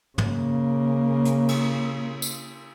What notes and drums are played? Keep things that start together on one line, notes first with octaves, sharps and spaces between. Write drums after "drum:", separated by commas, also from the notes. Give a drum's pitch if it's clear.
C#3 A#3, drum: tom
drum: hi-hat
drum: cymbal
drum: tambourine